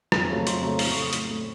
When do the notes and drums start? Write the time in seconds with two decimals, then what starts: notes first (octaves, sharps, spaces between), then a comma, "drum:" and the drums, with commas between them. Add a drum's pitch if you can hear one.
0.12 F2 A5, drum: rim click
0.29 C#3 F#3 A3 A#5
0.47 F2 C6, drum: hi-hat
0.63 C#3 F#3 A3 A#5
0.79 A2 C6, drum: open hi-hat
0.91 C#6
0.97 A3 D#6
1.13 A2 C#6, drum: hi-hat
1.30 A3